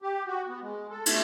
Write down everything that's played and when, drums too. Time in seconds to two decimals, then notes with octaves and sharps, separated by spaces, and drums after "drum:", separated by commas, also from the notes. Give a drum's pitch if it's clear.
0.02 G4
0.27 F#4
0.48 B3
0.62 G#3
0.90 A4
1.06 A3, drum: cymbal